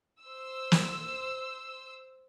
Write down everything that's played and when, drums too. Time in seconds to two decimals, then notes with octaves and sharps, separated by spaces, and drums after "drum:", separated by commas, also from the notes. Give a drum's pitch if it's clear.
0.22 C5 E6
0.72 drum: snare